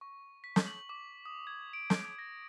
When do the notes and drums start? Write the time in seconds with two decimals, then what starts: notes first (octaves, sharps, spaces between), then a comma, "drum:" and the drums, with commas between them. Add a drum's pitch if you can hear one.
0.01 C#6
0.44 B6
0.56 drum: snare
0.67 F#7
0.89 D6
1.25 D#6
1.47 G#6
1.73 D7
1.90 drum: snare
2.19 A#6